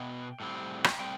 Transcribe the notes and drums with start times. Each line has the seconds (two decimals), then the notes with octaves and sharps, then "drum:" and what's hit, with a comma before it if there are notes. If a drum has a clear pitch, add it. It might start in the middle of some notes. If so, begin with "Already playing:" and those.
Already playing: B2 B3 G5
0.40 A2 G3 C4
0.84 drum: rim click
0.99 A2 G3 C4 G5